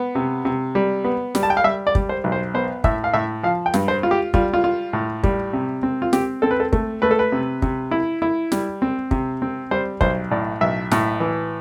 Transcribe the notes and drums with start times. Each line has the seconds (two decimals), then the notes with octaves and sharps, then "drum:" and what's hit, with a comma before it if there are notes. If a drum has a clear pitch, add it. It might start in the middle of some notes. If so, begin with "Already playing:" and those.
Already playing: B3
0.15 C3
0.45 C3
0.75 G3
1.04 B3
1.35 G3, drum: snare
1.43 A5
1.50 G5
1.57 F5
1.64 G3 E5
1.87 D5
1.95 G3, drum: kick
2.09 C5
2.24 B1
2.32 C5
2.54 B3 C5
2.84 A2 E5, drum: kick
3.04 F5
3.14 A2 E5
3.43 F3 F5
3.66 G5
3.74 G2, drum: snare
3.88 C5
4.03 F4
4.11 G4
4.34 G3 F4, drum: kick
4.54 F4
4.64 F4
4.93 A2
5.23 G3, drum: kick
5.53 C3
5.83 C4
6.02 F4
6.13 C4 G4, drum: snare
6.42 C4 A4
6.51 B4
6.60 A4
6.73 A3, drum: kick
7.02 A3 B4
7.11 A4
7.19 B4
7.32 C3
7.62 C3, drum: kick
7.91 E4
8.22 E4
8.52 G3, drum: snare
8.82 C4
9.11 C3, drum: kick
9.42 C4
9.71 G3 C5
10.01 B1 C5, drum: kick
10.31 A2 D5
10.61 B1 E5
10.91 A2, drum: snare
11.20 E3